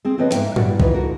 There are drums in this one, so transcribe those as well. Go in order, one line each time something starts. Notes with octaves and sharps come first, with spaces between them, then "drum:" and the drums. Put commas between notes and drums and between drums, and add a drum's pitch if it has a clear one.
C4 G#4
D3 F3 C4 B4 C#5 D#5
G#2 A#3 D#4 C5 E5 G5, drum: hi-hat
G2 E4 A#4 D5 F#5, drum: tom A2
E3 D#4 F4 B4, drum: kick
D3 F#4 A#4